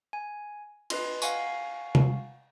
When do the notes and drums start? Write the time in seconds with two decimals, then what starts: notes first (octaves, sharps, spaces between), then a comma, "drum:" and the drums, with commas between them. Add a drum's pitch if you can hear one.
0.13 G#5
0.90 B4 D#5 C6, drum: cymbal
1.22 F5 F#5 G#5 C#6, drum: tambourine
1.95 drum: tom C3